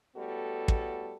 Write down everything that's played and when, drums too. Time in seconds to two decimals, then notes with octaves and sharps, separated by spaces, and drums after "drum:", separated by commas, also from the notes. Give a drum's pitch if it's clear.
0.16 A2 G3 B3 F#4 A4
0.68 drum: kick